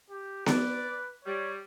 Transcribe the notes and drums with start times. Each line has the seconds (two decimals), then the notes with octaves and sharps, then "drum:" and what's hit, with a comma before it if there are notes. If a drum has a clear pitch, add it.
0.10 G4
0.46 B4 D5, drum: snare B3
1.25 G3 C#5